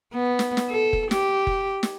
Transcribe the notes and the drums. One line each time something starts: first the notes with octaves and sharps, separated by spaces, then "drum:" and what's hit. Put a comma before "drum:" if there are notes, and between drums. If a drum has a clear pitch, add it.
B3
drum: snare
drum: snare
A4
drum: kick F1
G4, drum: snare
drum: kick F1
drum: snare